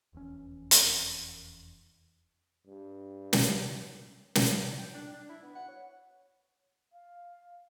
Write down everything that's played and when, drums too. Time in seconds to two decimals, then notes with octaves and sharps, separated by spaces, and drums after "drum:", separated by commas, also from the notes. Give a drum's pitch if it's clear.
0.13 F1 E2 E3 C#4
0.71 drum: hi-hat
2.67 G2
3.33 drum: snare
4.35 drum: snare
4.58 D5
4.78 G5
4.94 D4
5.13 D4
5.29 E4
5.42 B3
5.55 F#5
5.68 C#5
6.92 F5